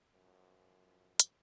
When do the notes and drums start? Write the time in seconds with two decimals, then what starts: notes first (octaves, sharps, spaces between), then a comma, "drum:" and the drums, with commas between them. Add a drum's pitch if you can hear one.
0.14 F#2 F3
1.20 drum: hi-hat